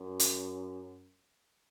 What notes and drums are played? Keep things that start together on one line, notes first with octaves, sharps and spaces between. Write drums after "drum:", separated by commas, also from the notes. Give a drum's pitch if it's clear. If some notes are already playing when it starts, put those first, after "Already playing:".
Already playing: F#2
drum: hi-hat